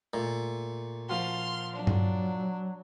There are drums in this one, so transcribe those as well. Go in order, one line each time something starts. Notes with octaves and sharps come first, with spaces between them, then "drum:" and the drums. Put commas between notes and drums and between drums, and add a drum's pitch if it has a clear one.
A#2 A3
F3 F4 F#4 C6 F6
F#3 D4
drum: tom G2